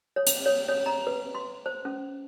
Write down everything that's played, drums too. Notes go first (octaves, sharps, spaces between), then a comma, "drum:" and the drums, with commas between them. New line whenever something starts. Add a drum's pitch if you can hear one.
C#5
drum: hi-hat
C#5
C#5
A#5
B4
C6
C5
C#4